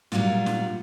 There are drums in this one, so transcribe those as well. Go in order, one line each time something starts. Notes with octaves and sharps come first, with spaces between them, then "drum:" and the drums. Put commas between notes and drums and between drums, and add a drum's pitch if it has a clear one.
A#2 F#3 G3 F4 F#4, drum: snare
drum: snare